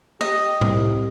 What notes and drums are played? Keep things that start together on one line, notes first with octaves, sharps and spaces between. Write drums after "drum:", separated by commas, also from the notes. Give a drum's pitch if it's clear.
G4 D#5
C2, drum: tom